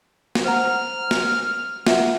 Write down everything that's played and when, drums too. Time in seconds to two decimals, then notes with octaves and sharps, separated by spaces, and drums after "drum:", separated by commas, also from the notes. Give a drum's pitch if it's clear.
0.35 drum: snare
0.45 C5 F#5 A#5 F6
1.11 drum: snare
1.87 F4 E5 F#5, drum: snare